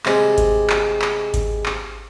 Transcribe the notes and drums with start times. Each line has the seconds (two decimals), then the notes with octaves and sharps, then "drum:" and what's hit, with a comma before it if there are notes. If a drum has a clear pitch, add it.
0.06 C3 G3 G#3, drum: clap
0.38 drum: kick G#1, hi-hat
0.70 drum: clap
1.02 drum: clap
1.34 drum: kick G#1, hi-hat
1.66 drum: clap